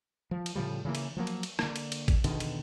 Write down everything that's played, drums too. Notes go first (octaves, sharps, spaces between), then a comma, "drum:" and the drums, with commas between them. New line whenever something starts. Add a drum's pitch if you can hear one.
F3
drum: cymbal
A2 C#3 F3 G3
C#3 E3 A#3
drum: cymbal
F3 F#3 A#3
drum: cymbal
drum: cymbal
D3 A#3, drum: rim click
drum: cymbal
drum: cymbal
drum: kick G#1, cymbal
E2 B2 D3 D#3, drum: cymbal
drum: cymbal